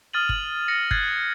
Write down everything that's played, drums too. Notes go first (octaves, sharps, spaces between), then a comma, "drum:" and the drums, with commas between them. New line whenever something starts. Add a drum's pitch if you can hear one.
D#6 F6 A6 D#7 F#7
F#7, drum: kick G1
A#6 C#7
F#6 G#6 A6 C7, drum: kick G1